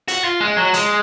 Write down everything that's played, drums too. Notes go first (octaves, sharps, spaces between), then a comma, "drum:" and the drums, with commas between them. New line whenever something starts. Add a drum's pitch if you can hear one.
F#4, drum: hi-hat
F4
G#3
F#3
G#3, drum: hi-hat